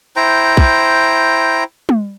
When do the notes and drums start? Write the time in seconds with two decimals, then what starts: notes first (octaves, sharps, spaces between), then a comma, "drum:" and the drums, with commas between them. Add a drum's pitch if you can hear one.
0.16 E4 C5 G5 A#5
0.57 drum: kick
1.89 drum: tom